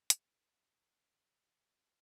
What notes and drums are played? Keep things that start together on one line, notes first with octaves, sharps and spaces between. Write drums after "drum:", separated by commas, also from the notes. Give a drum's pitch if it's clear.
A4 E5, drum: hi-hat